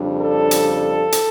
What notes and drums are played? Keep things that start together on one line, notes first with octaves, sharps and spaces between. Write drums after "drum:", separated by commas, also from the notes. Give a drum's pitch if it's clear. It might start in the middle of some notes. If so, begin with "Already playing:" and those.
Already playing: F2 C#3 G3 D4
A4
drum: hi-hat
drum: hi-hat